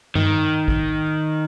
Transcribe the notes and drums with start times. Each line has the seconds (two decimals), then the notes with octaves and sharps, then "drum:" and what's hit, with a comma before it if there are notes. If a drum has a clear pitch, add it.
0.15 D#3, drum: tom G2
0.68 drum: kick